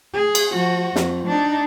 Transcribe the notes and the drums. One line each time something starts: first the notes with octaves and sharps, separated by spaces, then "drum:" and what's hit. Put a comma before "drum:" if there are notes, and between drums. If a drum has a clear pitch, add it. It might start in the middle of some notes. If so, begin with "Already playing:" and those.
G#4
drum: cymbal
F3 F#4
F2, drum: snare
D4 D#4